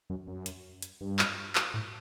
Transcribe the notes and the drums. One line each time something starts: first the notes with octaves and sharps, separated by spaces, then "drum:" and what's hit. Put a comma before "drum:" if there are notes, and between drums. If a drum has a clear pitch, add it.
F#2
F#2
drum: hi-hat
drum: hi-hat
G2
drum: clap
drum: clap
A2